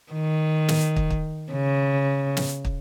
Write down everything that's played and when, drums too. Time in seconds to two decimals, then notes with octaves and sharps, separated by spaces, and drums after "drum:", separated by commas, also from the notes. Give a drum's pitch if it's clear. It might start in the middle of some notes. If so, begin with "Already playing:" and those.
0.13 D#3
0.68 drum: snare
0.96 drum: kick
1.10 drum: kick
1.52 C#3
2.37 drum: snare
2.65 drum: kick